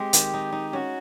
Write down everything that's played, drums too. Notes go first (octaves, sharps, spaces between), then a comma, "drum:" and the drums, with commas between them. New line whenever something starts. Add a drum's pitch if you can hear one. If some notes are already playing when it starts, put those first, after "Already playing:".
Already playing: G#3 C4 G4
D#3, drum: hi-hat
D#4
D#4
C#4 F#4